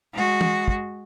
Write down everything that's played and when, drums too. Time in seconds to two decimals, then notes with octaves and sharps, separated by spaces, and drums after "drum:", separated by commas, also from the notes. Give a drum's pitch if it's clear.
0.13 G#3 F#4
0.41 drum: tom
0.68 drum: kick